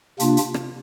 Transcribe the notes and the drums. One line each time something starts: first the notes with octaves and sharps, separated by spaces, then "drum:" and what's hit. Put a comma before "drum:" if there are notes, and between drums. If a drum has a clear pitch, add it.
C3 A#3 D4 F4, drum: hi-hat
drum: hi-hat
drum: rim click